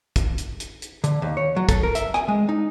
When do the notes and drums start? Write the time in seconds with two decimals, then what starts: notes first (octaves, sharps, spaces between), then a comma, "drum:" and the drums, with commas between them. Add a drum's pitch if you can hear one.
0.16 drum: kick, hi-hat
0.38 drum: hi-hat
0.60 drum: hi-hat
0.82 drum: hi-hat
1.04 D3, drum: hi-hat
1.22 D#2
1.37 C#5
1.56 F#3
1.69 A4, drum: kick, hi-hat
1.83 A#4
1.95 E5, drum: hi-hat
2.14 G#5, drum: rim click
2.28 G#3
2.49 D#4